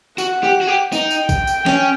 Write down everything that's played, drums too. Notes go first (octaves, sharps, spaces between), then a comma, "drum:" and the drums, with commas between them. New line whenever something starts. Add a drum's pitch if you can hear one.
F#4 F#5, drum: tambourine
G4
F#4
G4
D#4 G5, drum: tambourine
drum: tambourine
drum: kick, tambourine
drum: tambourine
C#4, drum: snare